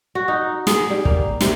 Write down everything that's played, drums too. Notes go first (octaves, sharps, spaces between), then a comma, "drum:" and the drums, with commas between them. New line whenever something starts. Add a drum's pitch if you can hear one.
F#4
D#4
G#4, drum: snare
G3
A#3, drum: kick
C3, drum: snare